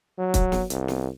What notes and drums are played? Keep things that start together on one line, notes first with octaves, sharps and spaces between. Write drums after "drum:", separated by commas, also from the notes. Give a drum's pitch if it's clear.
F#3
drum: kick, hi-hat
drum: snare
C2, drum: hi-hat
drum: snare